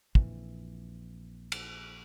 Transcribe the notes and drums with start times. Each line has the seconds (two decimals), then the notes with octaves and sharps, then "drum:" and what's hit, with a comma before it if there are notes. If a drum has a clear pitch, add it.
0.15 A#1 F2 E3, drum: kick
1.52 drum: cymbal